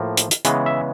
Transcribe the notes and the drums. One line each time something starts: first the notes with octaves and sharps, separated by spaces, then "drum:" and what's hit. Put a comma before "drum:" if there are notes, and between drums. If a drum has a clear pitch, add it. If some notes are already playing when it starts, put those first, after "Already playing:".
Already playing: A2 F3 A#3
drum: hi-hat
drum: hi-hat
C#3 E3 G#3 B3, drum: hi-hat
E5